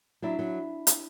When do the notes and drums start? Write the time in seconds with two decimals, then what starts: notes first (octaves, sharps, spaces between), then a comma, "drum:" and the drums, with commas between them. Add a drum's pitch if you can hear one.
0.22 F#3 D4 E4
0.39 F#3
0.87 drum: hi-hat